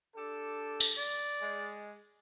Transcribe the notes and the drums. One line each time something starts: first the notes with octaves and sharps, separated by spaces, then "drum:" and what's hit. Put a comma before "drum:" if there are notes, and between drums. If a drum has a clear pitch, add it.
D4 G4 A4
drum: tambourine
D5
G#3